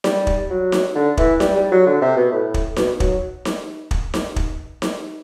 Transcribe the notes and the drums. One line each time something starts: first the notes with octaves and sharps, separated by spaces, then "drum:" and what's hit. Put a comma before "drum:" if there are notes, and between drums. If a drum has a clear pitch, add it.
G3, drum: snare D#4
drum: kick
F#3
drum: snare D#4
D3
E3, drum: kick
G3, drum: snare D#4
G3
F#3
D3
C3
B2
A2
drum: kick
B2, drum: snare D#4
F#3, drum: kick
drum: snare D#4
drum: kick
drum: snare D#4
drum: kick
drum: snare D#4